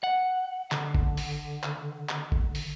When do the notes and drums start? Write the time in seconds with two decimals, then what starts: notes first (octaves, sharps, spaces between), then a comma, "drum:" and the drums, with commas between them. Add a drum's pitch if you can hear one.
0.03 F#5
0.72 D3, drum: clap
0.95 drum: kick G1
1.17 drum: open hi-hat
1.63 drum: clap
2.09 drum: clap
2.32 drum: kick G1
2.55 drum: open hi-hat